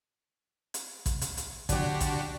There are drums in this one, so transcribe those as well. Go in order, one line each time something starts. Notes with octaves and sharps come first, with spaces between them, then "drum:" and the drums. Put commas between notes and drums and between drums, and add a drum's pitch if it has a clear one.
drum: hi-hat
drum: kick A1, hi-hat
drum: hi-hat
drum: hi-hat
D3 D4 F#4 G4 D5, drum: kick A1, hi-hat
drum: kick A1, hi-hat